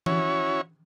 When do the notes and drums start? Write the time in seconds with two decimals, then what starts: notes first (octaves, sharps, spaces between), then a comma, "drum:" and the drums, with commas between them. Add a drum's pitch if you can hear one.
0.06 C#4 E4 F#4 C#5, drum: tom E3